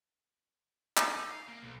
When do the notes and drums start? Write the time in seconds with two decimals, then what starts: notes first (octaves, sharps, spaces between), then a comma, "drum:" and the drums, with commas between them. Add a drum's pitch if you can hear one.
0.97 drum: clap
1.16 D#4
1.30 F5
1.49 A#3
1.63 B1